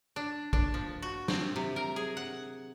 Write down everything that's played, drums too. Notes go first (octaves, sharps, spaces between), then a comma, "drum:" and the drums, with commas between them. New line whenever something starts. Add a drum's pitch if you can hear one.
D4
D4, drum: kick A#1
F3
F#4
C4, drum: snare
C3
A#4
G#4
F#5